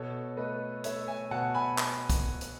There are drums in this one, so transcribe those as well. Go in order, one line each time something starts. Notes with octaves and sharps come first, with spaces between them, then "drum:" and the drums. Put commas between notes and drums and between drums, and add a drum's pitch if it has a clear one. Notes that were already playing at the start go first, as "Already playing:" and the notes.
Already playing: B2 A4 C#5
A3 B4 D#5
A3 C#5 E5, drum: hi-hat
E5 G#5
B2 F#5 A5
G#5 B5
drum: clap
drum: kick, hi-hat
drum: hi-hat